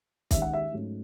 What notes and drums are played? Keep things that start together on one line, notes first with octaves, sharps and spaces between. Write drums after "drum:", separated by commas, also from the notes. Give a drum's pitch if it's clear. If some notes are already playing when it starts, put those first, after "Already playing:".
D#2 D#3 G#3 C#4 E5, drum: kick, hi-hat
F#5
E5
G#2 F#3 A3 C#4